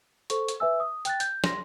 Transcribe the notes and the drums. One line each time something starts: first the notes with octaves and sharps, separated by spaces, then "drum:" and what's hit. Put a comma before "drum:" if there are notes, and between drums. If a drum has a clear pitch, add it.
A4 C5 C#6, drum: hi-hat
drum: hi-hat
B4 E5 G#5 E6
D#6
G5 F#6 A6, drum: hi-hat
G6, drum: hi-hat
C6 A#6, drum: snare